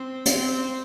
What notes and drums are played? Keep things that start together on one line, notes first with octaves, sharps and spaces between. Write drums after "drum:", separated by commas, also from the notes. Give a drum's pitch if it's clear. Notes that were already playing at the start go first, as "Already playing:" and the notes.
Already playing: C4
drum: hi-hat
C4